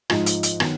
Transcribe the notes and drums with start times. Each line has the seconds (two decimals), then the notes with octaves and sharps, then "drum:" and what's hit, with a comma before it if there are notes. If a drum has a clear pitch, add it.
0.10 G#2 F3 D#4, drum: rim click
0.26 drum: hi-hat
0.43 drum: hi-hat
0.60 D#3 F#3 B3, drum: rim click